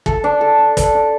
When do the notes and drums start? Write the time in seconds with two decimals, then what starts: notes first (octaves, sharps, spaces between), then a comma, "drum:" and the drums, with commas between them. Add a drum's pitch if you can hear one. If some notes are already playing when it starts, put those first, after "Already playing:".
0.06 A4, drum: kick
0.24 D4
0.41 A4
0.58 D4
0.77 D4, drum: kick, hi-hat
0.95 D4